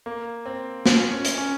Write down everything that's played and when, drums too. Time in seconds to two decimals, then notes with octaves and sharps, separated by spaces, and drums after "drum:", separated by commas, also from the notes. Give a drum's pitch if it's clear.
0.06 A#3
0.46 C4
0.86 C#4, drum: snare
1.11 C#4
1.25 drum: hi-hat
1.38 C#4